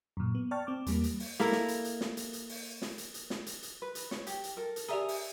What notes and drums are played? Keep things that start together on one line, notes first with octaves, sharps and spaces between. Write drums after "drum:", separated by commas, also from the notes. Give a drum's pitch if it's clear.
F#2 A#2
B3
D5 G5 A5 C#6 F6 A6
C4 D6
E2 G3 A#3, drum: hi-hat
drum: hi-hat
drum: open hi-hat
A#3 E4 A4 A#4
drum: snare
drum: hi-hat
drum: hi-hat
drum: snare
drum: hi-hat
drum: hi-hat
drum: open hi-hat
drum: snare
drum: hi-hat
drum: hi-hat
drum: snare
drum: hi-hat
drum: hi-hat
B4
drum: hi-hat
C#5, drum: snare
G4, drum: hi-hat
drum: hi-hat
A4 A#4
drum: hi-hat
G4 G#4 D5 E5 A#5
drum: open hi-hat